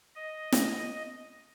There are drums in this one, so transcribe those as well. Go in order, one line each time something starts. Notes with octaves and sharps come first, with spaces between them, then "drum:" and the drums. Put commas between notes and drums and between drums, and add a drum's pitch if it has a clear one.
D#5
drum: snare